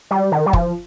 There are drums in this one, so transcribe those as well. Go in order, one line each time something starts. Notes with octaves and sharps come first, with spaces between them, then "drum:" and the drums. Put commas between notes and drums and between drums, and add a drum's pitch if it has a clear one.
G3
D#3
G3
F3, drum: kick